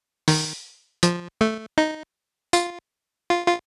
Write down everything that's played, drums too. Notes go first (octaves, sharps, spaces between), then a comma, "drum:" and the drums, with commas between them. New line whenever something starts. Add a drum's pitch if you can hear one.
D#3, drum: open hi-hat
F3, drum: hi-hat
A3
D#4
F4, drum: tambourine
F4
F4